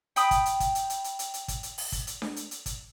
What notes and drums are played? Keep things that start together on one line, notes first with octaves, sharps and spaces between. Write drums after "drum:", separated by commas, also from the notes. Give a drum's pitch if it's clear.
G5 B5 D#6, drum: hi-hat
drum: kick, hi-hat
drum: hi-hat
drum: kick, hi-hat
drum: hi-hat
drum: hi-hat
drum: hi-hat
drum: hi-hat
drum: hi-hat
drum: kick, hi-hat
drum: hi-hat
drum: open hi-hat
drum: kick, hi-hat
drum: hi-hat
drum: snare D4
drum: hi-hat
drum: hi-hat
drum: kick, hi-hat